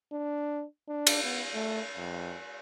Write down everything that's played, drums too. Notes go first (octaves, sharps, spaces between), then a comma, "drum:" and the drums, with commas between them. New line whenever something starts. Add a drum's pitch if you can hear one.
D4
D4
drum: cymbal
B3
A3
F2